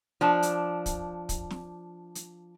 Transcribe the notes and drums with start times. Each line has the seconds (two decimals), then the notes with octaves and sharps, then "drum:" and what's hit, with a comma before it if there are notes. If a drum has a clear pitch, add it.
0.21 F3 D4 A5
0.43 drum: hi-hat
0.86 drum: kick, hi-hat
1.29 drum: kick, hi-hat
1.51 drum: snare
2.15 drum: hi-hat